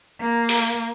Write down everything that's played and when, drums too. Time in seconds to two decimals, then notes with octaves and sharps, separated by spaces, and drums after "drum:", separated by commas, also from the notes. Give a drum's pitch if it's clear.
0.20 A#3
0.49 drum: open hi-hat